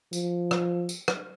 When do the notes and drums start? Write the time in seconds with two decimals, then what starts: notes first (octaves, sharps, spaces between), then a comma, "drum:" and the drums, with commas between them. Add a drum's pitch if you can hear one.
0.13 F3, drum: tambourine
0.51 drum: rim click
0.89 drum: tambourine
1.08 drum: rim click